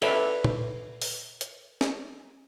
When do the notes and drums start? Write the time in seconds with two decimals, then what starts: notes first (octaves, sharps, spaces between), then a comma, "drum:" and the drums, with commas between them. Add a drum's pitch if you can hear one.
0.02 A4 B4 C#5 D5 E5, drum: cymbal
0.44 drum: tom A#2
1.02 drum: open hi-hat
1.41 drum: hi-hat
1.81 drum: snare